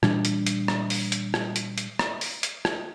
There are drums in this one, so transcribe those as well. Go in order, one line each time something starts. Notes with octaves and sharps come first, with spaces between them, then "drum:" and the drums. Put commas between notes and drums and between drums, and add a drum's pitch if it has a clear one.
A#2 E3 G3 D4, drum: rim click
drum: hi-hat
drum: hi-hat
drum: rim click
drum: open hi-hat
drum: hi-hat
drum: rim click
drum: hi-hat
drum: hi-hat
drum: rim click
drum: open hi-hat
drum: hi-hat
drum: rim click